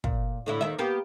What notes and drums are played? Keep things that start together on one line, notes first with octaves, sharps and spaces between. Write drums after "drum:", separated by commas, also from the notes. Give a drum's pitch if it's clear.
A#2, drum: kick
A2 D3 E4
D#2 D#3 E5
A#3 B3 G4